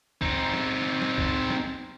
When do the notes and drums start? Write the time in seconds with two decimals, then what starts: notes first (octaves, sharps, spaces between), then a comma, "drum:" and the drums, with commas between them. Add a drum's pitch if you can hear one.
0.21 C4 D#4, drum: kick C#2
0.54 drum: snare
1.02 drum: snare
1.18 drum: kick C#2
1.50 drum: snare